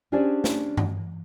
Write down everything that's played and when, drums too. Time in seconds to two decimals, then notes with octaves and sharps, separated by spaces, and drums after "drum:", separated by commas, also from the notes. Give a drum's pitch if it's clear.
0.12 C#4 D4 G4 G#4 C5 D5
0.44 drum: snare
0.77 drum: tom G2